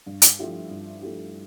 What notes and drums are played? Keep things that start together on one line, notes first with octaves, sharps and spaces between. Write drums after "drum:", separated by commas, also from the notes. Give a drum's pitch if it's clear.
G2
drum: hi-hat
F3 A3 E4 G4
G2
F3 A3 E4 G4